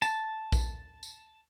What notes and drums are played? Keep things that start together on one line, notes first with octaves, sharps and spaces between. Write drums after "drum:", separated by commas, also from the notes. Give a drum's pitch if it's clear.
A5, drum: tambourine
drum: kick A#1, tambourine
drum: tambourine